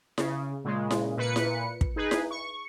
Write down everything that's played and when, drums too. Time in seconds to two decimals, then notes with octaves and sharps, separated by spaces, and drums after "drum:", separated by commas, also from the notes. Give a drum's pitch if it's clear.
0.18 C#3, drum: snare E4
0.64 A#2 C#3 G#3
0.91 drum: snare E4
1.17 A#2 B4 C#7
1.36 drum: snare E4
1.81 drum: kick
1.96 D#4 G#4 B4
2.11 drum: snare E4
2.31 C#6